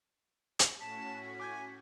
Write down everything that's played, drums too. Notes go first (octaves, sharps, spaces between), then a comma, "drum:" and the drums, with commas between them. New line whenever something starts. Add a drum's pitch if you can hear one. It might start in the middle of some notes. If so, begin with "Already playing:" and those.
drum: hi-hat
A2 C#4 F#4 A5 B6
G#5 D6 G6 G#6